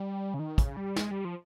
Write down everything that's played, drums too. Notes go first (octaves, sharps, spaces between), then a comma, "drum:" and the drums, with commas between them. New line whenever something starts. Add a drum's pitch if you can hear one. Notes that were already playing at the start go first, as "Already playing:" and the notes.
Already playing: G3
C#3
D#3
C#3, drum: kick, hi-hat
G3
G#3, drum: snare
G3
F3